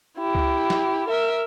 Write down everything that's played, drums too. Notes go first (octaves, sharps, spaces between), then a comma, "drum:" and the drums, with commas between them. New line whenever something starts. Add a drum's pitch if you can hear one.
E4 G4
drum: kick C#2
drum: snare
A#4 E5